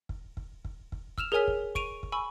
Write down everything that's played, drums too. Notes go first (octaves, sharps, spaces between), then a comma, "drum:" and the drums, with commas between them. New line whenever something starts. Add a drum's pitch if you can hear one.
drum: kick
drum: kick
drum: kick
drum: kick
E6 F6 E7 F7, drum: kick
G#4 A#4 C#5 G#5 F6 B6
drum: kick
C#6 D7 D#7 F7, drum: kick
drum: kick
G#5 B5 C#6 E6